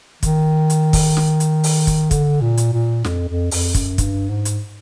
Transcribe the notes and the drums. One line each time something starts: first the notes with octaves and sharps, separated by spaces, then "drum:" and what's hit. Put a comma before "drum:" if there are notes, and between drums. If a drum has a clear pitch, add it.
D#3, drum: kick, hi-hat
drum: hi-hat
drum: kick, open hi-hat
drum: snare
drum: hi-hat
drum: open hi-hat
drum: kick, hi-hat
D3, drum: kick, hi-hat
A#2
drum: hi-hat
A#2
F2, drum: snare
F2
F2, drum: open hi-hat
F#2, drum: kick, hi-hat
G2, drum: kick, hi-hat
G#2
drum: hi-hat